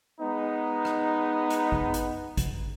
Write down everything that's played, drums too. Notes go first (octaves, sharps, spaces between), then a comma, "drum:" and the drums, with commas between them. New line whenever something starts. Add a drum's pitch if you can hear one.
G#3 B3 D#4
drum: rim click
drum: hi-hat
drum: kick A1
drum: hi-hat
drum: kick A1, hi-hat